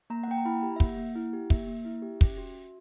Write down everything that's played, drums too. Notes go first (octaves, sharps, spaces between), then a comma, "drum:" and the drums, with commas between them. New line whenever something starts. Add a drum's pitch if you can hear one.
A#3 A#5
F#5
A#3 G5
A#5
E4 B5
G4
E5
A#3 F#5, drum: kick
A#3
E4
G4
A#3 E5, drum: kick
A#3
E4
G4
C#4, drum: kick
F#4
F#4